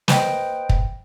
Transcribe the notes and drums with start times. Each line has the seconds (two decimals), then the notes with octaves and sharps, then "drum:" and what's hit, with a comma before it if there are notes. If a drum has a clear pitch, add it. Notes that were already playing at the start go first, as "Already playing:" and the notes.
0.08 B4 C5 D#5 G5, drum: snare
0.69 drum: kick